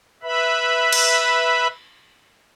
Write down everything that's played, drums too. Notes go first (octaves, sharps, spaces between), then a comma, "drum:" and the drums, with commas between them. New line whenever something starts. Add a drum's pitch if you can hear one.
B4 E5 B5
drum: cymbal